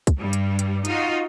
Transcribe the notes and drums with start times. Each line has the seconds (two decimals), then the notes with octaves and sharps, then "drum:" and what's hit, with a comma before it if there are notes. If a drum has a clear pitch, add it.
0.07 drum: kick, hi-hat
0.17 G2 G3
0.33 drum: hi-hat
0.59 drum: hi-hat
0.85 D#4 F4 F#4, drum: hi-hat